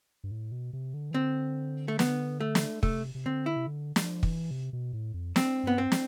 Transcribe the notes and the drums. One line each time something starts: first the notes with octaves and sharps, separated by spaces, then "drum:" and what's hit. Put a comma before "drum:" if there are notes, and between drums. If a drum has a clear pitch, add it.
G2
A2
B2
C3
D3
E3
D3 C4
A3
B3, drum: snare
A3
drum: snare
C3 A3, drum: kick
C3
D3 C4
E4
C3
D3
F3, drum: snare
E3, drum: kick
C3
B2
A2
F2
C4, drum: snare
G2 B3
C4
drum: snare